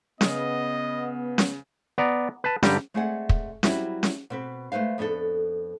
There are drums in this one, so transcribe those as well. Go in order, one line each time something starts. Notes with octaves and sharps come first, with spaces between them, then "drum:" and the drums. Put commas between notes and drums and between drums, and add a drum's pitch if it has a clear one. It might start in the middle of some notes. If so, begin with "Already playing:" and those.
C#3 B3 B4 D#5, drum: snare C#4
drum: snare C#4
B3 D5 A#5
B4 A5
G2 D3 G3 G4 A#5, drum: snare C#4
G#3 A3 C4 G#4 D5 F#5
drum: kick
F#3 G3 C4 E4 F#4 G4, drum: snare C#4
drum: snare C#4
B2 C4 B4
G#3 A3 B4 C5 F5
F2 B3 D4 G#4 A4